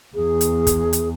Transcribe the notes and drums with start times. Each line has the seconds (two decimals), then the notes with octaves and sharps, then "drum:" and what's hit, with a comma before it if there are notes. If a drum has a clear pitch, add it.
0.15 E2 G#4
0.41 drum: hi-hat
0.67 drum: kick, hi-hat
0.93 drum: hi-hat